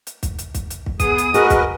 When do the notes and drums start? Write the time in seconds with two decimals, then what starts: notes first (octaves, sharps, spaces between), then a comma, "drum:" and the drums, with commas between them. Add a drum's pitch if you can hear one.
0.07 drum: hi-hat
0.23 drum: kick, hi-hat
0.39 drum: hi-hat
0.55 drum: kick, hi-hat
0.70 drum: hi-hat
0.86 drum: kick
1.00 B3 G#4 D#6, drum: kick, hi-hat
1.18 drum: hi-hat
1.34 F#4 G#4 A#4 B4 D#5, drum: hi-hat
1.50 drum: kick, hi-hat